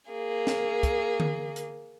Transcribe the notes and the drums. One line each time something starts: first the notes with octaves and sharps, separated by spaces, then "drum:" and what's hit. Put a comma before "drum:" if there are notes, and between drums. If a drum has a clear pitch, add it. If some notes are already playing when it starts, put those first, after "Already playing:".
A#3 G#4
drum: snare
drum: kick, hi-hat
drum: tom D3
drum: hi-hat